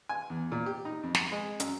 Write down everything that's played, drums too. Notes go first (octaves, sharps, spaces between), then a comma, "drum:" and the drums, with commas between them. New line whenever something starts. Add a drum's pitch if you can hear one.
G#5
E2
A#2
G4
D#4
F2
drum: snare
G#3
F#2, drum: hi-hat